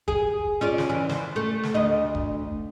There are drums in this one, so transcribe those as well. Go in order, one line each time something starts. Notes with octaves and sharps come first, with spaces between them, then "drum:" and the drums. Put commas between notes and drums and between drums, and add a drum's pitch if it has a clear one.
G#4, drum: kick F1
C#4 F4 D5
drum: snare
E3
C5, drum: snare
A3
drum: snare
D2 D#5
drum: kick F1